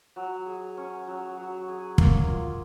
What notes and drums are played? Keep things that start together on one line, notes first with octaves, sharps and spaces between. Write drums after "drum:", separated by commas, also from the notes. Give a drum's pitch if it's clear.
F#3
G#4
C#4
F#3
F#3
G#4
A#3, drum: kick
F4